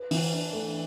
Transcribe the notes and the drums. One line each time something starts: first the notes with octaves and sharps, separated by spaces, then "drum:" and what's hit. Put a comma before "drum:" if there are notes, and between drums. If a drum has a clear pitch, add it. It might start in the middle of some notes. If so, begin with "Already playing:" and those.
Already playing: B4
E3, drum: open hi-hat
D4
A3